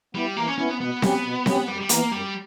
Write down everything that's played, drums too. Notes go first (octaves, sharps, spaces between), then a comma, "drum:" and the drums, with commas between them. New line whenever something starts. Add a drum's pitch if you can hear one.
G3 B3 E4
E3 A#3
C#4
B3 C#4 E4
B3
B2 B3
F#3 C#4 G4, drum: snare C4
B2
F#3 C#4 G4, drum: snare C4
F#2 G3
G3
E3 A#3 B3, drum: hi-hat
F#2 G3